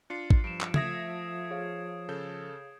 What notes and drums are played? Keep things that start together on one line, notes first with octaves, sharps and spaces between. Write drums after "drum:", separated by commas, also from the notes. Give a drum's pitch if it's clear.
D4 F4 C7 C#7
drum: kick
G2 F3 D7 E7
drum: clap
A3 E5 D#6 G#6 A#6, drum: tom C#3
G#4 C#5 F5
C#3 A4 G6